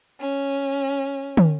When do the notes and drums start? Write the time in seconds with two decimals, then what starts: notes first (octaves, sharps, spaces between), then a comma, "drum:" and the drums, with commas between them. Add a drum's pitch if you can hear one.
0.20 C#4
1.37 drum: tom